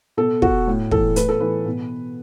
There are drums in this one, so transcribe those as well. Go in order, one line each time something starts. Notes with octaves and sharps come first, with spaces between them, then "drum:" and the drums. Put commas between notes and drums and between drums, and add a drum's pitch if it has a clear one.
B2 A4
F#4, drum: kick
A2
E3 A4, drum: kick
A2 B4, drum: hi-hat
A4
E3 B4
B2